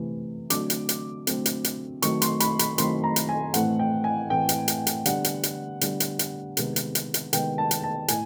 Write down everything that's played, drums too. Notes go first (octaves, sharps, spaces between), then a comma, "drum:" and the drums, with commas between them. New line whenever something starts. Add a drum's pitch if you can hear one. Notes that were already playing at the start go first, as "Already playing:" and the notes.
Already playing: C3 E3 A3
D3 F#3 A3 C4 D6, drum: hi-hat
drum: hi-hat
drum: hi-hat
D3 F#3 A3 C4, drum: hi-hat
drum: hi-hat
drum: hi-hat
D#3 F#3 A3 C4 C#6, drum: hi-hat
C6, drum: hi-hat
B5, drum: hi-hat
B5, drum: hi-hat
D#3 F#3 A3 C4 C6, drum: hi-hat
A#5
drum: hi-hat
G#5
A2 E3 A3 C4 F#5, drum: hi-hat
G5
G#5
A2 E3 A3 C4 G5
drum: hi-hat
drum: hi-hat
drum: hi-hat
D3 G3 B3 F#5, drum: hi-hat
drum: hi-hat
drum: hi-hat
D3 G3 B3, drum: hi-hat
drum: hi-hat
drum: hi-hat
C3 D#3 G#3 B3, drum: hi-hat
drum: hi-hat
drum: hi-hat
drum: hi-hat
C3 D#3 G#3 B3 G5, drum: hi-hat
A5
drum: hi-hat
A5
A2 G#5, drum: hi-hat